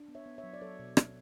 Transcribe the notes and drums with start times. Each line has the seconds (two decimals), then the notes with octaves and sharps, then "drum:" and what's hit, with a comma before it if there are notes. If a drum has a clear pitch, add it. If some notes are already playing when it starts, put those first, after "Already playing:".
Already playing: D4
0.08 B3
0.15 C#5 E5
0.26 B3
0.38 C#5 E5
0.44 F#3
0.54 D5
0.61 F#3 A4 C#5
0.79 B2
0.97 B2, drum: rim click